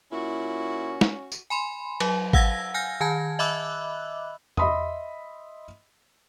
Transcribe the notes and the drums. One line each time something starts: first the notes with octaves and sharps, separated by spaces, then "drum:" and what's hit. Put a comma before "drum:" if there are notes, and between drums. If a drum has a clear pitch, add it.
A#2 C#4 E4 F#4
drum: snare
drum: tambourine
G#5 B5 C6
F#3, drum: cymbal
F5 F#5 E6 G#6 A#6, drum: kick G#1
G#5 F6 G6 A#6
D#3 G#5 A5 G#6
D#5 E5 B5 D6 E6 F#6
D#5 E5 B5 C6 D#6, drum: tom E2